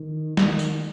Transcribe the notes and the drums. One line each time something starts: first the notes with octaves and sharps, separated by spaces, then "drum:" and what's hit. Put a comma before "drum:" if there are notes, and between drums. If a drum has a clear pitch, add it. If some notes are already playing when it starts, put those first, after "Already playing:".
Already playing: D#3
D#3, drum: snare
drum: tambourine